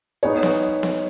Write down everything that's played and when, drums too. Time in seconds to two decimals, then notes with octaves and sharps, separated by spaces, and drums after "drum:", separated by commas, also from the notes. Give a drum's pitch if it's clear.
0.23 B3 D#4 G#4 C#5, drum: hi-hat
0.43 drum: snare B3
0.63 drum: hi-hat
0.83 drum: snare B3